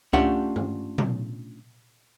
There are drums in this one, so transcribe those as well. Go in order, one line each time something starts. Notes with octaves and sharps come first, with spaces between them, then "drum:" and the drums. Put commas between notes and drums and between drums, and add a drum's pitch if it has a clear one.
A3 C#4 D4 F4 G4 F#5, drum: kick C#2
drum: tom G2
drum: tom